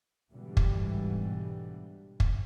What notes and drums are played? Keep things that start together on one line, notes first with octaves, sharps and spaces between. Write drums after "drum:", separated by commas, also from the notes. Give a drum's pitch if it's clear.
G#2 B2 D3 E3 G3
drum: kick
drum: kick